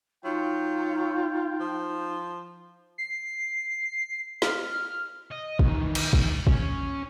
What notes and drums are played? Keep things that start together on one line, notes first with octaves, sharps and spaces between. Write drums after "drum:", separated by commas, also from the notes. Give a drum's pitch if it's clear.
F#3 D#4 F4 G5
F3
C7
F6, drum: snare
D#5
D#3 E3, drum: kick
drum: cymbal
drum: kick
C#4, drum: kick